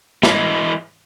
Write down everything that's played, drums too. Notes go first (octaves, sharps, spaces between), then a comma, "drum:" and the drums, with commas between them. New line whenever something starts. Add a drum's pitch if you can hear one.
E3 G#3, drum: snare